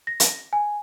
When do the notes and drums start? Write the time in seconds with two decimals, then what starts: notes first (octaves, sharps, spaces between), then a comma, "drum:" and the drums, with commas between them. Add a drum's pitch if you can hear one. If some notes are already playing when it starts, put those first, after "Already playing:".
0.07 A#6
0.20 drum: hi-hat
0.53 G#5